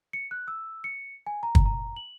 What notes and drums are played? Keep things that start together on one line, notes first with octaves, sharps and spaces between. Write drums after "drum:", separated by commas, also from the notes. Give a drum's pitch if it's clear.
C#7
F#6
E6
C#7
G#5
A#5
drum: kick
A#5
F#7